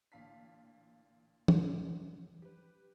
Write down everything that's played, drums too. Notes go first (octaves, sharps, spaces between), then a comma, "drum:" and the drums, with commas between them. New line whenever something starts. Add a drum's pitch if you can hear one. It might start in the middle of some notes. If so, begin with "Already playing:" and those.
A1 A#2 D3 F5 A5 B6
drum: tom
G4 B4